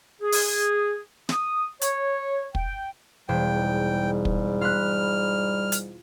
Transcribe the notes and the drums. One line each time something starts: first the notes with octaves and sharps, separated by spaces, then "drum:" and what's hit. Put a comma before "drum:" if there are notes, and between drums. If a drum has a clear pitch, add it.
G#4
drum: open hi-hat
D#6, drum: snare
C#5, drum: hi-hat
G5, drum: kick
E1 G3 C5 G5
G#2
drum: kick
F4 B5 F6 F#6
drum: hi-hat